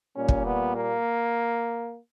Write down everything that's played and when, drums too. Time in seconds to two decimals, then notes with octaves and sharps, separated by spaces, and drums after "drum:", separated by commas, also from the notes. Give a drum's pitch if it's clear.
0.16 A#2 G3 C#4
0.28 drum: kick
0.45 B3
0.75 A#3